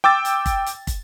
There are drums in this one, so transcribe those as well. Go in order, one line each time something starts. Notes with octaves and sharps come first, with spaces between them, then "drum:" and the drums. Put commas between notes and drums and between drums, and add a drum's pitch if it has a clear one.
G5 D6 E6 A6
drum: hi-hat
drum: kick, hi-hat
drum: hi-hat
drum: kick, hi-hat